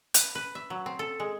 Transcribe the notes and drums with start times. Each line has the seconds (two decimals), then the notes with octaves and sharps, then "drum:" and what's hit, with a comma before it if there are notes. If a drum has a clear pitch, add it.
0.14 B4, drum: hi-hat
0.35 B4
0.55 E5
0.70 F#3
0.86 C4
0.99 A4
1.20 G#3